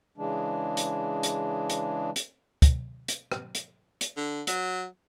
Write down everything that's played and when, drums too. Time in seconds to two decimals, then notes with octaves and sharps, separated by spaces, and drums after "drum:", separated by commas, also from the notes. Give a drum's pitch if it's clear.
0.18 C#3 E3 G#3 D4
0.77 drum: hi-hat
1.23 drum: hi-hat
1.70 drum: hi-hat
2.16 drum: hi-hat
2.62 drum: kick, hi-hat
3.08 drum: hi-hat
3.32 drum: rim click
3.55 drum: hi-hat
4.01 drum: hi-hat
4.17 D3
4.47 F#3, drum: hi-hat